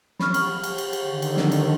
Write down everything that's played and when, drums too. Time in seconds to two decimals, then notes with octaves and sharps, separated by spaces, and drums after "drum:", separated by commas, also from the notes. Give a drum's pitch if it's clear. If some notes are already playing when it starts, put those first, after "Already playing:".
0.19 B5 C#6 F6, drum: snare
0.34 drum: cymbal
0.64 drum: cymbal
0.78 drum: cymbal
0.93 drum: cymbal
1.04 D3 D#3
1.22 drum: cymbal
1.37 drum: snare
1.52 drum: cymbal